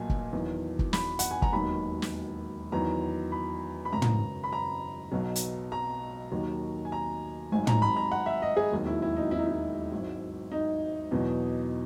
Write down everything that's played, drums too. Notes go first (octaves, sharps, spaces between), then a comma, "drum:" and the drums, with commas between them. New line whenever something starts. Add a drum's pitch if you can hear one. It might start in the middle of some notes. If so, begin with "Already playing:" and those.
Already playing: B1 A#2 F#3 G#5
drum: kick
E2 D#3 F#3
drum: kick
B5, drum: snare
F#5, drum: hi-hat
G#5
A#5, drum: kick
E1 D#2 D#3 F#3 B5
drum: snare
E2 D#3 F#3 A#5
B5
B5
G#1 F#2 C#3 F#3 A#5
drum: tom
B5
A#5
B1 B2 F#3
drum: hi-hat
A#5
D#2 D#3 F#3
G#5
A#5
G#1 G#2 F#3 G#5
A#5, drum: tom
B5
A#5
F#5
E5
D#5
G#4
E1 D#2 D#3 F#3
E4
E4
D#4
E4
D#4
E4
G#1 G#2 F#3
D#4
E2 B2 F#3